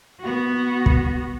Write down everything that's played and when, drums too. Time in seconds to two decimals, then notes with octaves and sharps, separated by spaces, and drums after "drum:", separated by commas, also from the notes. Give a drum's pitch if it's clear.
0.21 B3 F#4
0.86 drum: kick